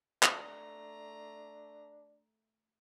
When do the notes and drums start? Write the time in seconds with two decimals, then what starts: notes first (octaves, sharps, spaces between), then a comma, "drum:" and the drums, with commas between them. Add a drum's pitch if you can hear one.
0.23 A3 D4 A#5, drum: clap